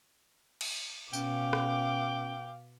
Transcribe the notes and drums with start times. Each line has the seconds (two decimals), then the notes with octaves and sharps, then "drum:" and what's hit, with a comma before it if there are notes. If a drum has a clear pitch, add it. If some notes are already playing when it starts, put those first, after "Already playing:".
0.61 drum: cymbal
1.13 B2 C#4 F5 G5 D6, drum: tambourine
1.53 drum: rim click